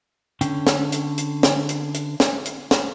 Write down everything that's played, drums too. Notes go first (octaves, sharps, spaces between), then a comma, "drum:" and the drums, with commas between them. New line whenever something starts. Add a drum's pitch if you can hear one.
D3 C#4 G5, drum: hi-hat
drum: snare
drum: hi-hat
drum: hi-hat
drum: snare
drum: hi-hat
drum: hi-hat
drum: snare
drum: hi-hat
drum: snare